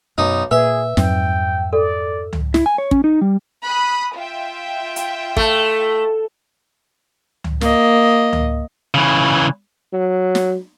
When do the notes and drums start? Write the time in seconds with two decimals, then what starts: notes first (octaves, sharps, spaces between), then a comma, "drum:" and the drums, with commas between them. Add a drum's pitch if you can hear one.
0.18 B1 F#2 D#4
0.51 A#2 G#4 B4 E5
0.97 F2 G#2 F#3 G5, drum: snare
1.73 A4 D5
2.33 drum: tom C#2
2.54 E4, drum: snare
2.66 G#5
2.78 C#5
2.91 C#4, drum: kick
3.04 D#4
3.21 G3
3.65 B5 D#6 F#6
4.15 F4 E5 G5
4.96 drum: hi-hat
5.37 A3, drum: kick
7.44 drum: tom C#2
7.61 A#3 D#5, drum: snare
8.33 drum: tom C#2
8.94 C#3 E3
9.93 F#3
10.35 drum: snare